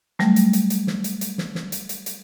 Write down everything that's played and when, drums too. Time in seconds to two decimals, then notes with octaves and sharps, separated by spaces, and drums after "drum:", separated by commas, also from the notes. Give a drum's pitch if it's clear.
0.19 F#3 G3 A3, drum: snare
0.36 drum: hi-hat
0.53 drum: hi-hat
0.70 drum: hi-hat
0.87 drum: snare
1.04 drum: hi-hat
1.21 drum: hi-hat
1.38 drum: snare
1.55 drum: snare
1.72 drum: hi-hat
1.89 drum: hi-hat
2.06 drum: hi-hat